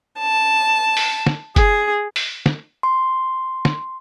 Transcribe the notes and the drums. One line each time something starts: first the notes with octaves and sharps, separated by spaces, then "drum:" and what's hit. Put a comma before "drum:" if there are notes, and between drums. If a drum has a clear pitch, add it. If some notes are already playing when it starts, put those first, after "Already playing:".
A5
drum: open hi-hat
drum: snare
G#4, drum: kick F#1, hi-hat
drum: open hi-hat
drum: snare
C6
drum: snare